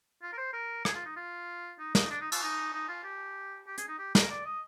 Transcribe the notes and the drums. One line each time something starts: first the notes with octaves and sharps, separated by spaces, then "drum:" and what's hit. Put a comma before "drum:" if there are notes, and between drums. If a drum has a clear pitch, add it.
F4
A#4
C5
A#4
G#4, drum: rim click
F4
D#4
F4
D#4
D#4, drum: snare
D4
D#4
F4, drum: cymbal
D#4
D#4
F4
G4
G4
G#4, drum: hi-hat
D#4
G4
A#4, drum: snare
D5
D#5